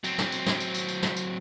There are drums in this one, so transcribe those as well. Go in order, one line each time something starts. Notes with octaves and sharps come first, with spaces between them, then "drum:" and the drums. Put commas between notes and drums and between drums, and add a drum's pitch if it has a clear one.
F#3 C4, drum: tambourine
drum: snare
drum: tambourine
drum: snare
drum: tambourine
drum: tambourine
drum: tambourine
drum: snare
drum: tambourine